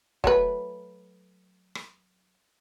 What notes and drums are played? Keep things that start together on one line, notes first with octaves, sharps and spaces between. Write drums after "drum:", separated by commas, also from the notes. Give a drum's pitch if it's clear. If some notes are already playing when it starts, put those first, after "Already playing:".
F#3 A3 B4, drum: kick
drum: rim click